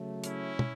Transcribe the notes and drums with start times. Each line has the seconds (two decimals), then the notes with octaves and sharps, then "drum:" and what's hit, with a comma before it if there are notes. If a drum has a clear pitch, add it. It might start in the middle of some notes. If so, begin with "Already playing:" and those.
Already playing: C#3 F#3 A3
0.24 C#4 E4, drum: hi-hat
0.59 drum: tom